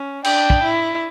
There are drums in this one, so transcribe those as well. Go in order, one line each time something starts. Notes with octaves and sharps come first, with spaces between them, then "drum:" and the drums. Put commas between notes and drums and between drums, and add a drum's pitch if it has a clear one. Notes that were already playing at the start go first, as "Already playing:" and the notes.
Already playing: C#4
D4 G5, drum: cymbal
drum: kick
E4